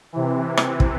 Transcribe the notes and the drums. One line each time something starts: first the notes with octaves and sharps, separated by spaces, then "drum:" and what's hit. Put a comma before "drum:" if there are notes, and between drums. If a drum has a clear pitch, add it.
C3 E3
drum: rim click
drum: kick